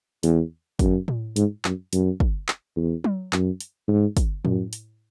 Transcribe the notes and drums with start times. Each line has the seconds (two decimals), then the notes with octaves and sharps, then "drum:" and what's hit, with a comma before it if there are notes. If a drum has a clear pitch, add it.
0.23 E2, drum: hi-hat
0.79 F#2, drum: kick, hi-hat
1.08 drum: tom A2
1.36 G#2, drum: hi-hat
1.65 F#2, drum: clap
1.93 F#2, drum: hi-hat
2.20 drum: kick
2.48 drum: clap
2.76 E2
3.04 drum: tom F#3
3.33 F#2, drum: clap
3.60 drum: hi-hat
3.88 G#2
4.17 drum: kick, hi-hat
4.45 F#2, drum: tom A2
4.73 drum: hi-hat